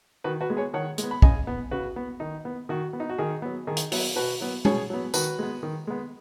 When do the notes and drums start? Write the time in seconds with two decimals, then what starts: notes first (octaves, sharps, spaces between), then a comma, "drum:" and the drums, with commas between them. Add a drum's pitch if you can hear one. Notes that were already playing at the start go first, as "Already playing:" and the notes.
0.24 D#3 F#4 B4
0.41 F#4 B4
0.50 G#3 B3
0.57 G#4 C#5
0.74 D#3 C#5 F#5
0.98 G#3, drum: hi-hat
1.03 B3
1.11 B5
1.22 C#3 D#5 G#5, drum: kick
1.47 B3
1.71 C#3 F#4 B4
1.96 B3
2.20 D#3 D#4
2.45 B3
2.69 D#3 F#4
2.93 B3
3.00 D#4
3.10 F#4
3.18 D#3 D#4 G#4
3.42 F#3 B3
3.67 D#3 D#4 G#4
3.77 drum: hi-hat
3.92 F#3 B3, drum: open hi-hat
4.16 B2 F#4 B4
4.41 F#3 B3
4.65 B2 G#4 C#5, drum: tom G#3
4.90 F#3 B3
5.14 D#3 F#4 B4, drum: tambourine
5.39 G#3 B3
5.63 D#3
5.87 G#3 B3